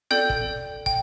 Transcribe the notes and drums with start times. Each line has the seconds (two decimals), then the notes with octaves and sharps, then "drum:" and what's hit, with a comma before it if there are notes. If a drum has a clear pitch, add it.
0.11 A4 D5 G5 G6, drum: snare F4
0.30 drum: kick
0.86 G5, drum: kick